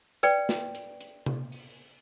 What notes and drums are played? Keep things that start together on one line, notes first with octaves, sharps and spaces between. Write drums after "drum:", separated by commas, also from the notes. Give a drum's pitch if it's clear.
B4 D5 G5, drum: hi-hat
drum: snare
drum: hi-hat
drum: hi-hat
drum: tom C3
drum: open hi-hat